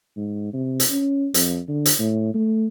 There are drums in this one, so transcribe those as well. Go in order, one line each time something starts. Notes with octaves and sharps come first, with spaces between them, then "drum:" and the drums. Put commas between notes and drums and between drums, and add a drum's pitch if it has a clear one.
G#2
C3
drum: hi-hat
C#4
F2, drum: hi-hat
D3
drum: hi-hat
A2
A3